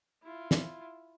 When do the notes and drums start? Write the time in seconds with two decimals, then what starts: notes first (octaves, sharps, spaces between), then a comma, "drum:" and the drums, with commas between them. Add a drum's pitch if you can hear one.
0.22 E4 F4
0.51 drum: snare